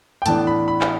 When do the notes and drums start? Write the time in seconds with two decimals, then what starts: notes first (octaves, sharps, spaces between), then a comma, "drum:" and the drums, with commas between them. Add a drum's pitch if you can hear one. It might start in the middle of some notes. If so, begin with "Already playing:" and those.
0.22 G5
0.26 A2 E3 B3 D4 A5, drum: hi-hat
0.47 B5
0.68 B5
0.81 drum: clap